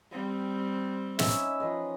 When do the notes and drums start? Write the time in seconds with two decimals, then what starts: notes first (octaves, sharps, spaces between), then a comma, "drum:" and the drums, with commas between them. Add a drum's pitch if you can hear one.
0.11 G3 C4
1.19 C#4 D#4 E4 E5, drum: snare
1.60 F3 B4 D#5